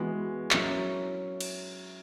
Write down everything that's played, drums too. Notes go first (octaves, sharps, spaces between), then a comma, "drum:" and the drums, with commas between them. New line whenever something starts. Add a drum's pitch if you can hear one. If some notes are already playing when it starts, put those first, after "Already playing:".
Already playing: E3 G#3 B3 F#4
F#3 C#4 E4 A#4, drum: clap
drum: cymbal